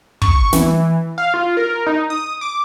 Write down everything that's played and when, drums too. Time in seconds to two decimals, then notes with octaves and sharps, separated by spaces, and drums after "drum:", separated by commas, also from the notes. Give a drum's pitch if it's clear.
0.22 C#6, drum: kick
0.53 E3, drum: snare
1.18 F5
1.34 F4
1.57 A#4
1.86 D#4
2.10 D#6
2.41 D6